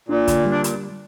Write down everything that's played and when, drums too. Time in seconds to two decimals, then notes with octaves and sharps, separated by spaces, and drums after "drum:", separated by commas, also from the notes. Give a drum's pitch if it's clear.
0.09 A#2 D4
0.28 D3, drum: kick, hi-hat
0.45 G3
0.51 D4
0.64 drum: hi-hat